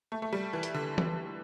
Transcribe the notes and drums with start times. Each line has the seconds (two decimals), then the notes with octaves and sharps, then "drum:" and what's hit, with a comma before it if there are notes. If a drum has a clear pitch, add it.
0.12 A3
0.22 A3
0.33 G3
0.53 E3
0.63 drum: hi-hat
0.74 D3
0.98 drum: tom E3